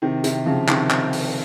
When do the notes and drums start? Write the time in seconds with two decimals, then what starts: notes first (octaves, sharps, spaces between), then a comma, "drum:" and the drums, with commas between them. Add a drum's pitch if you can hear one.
0.02 C3 D#3
0.24 C3 D#3, drum: hi-hat
0.46 C#3 F3
0.68 C3 D#3, drum: clap
0.91 drum: clap
1.13 drum: open hi-hat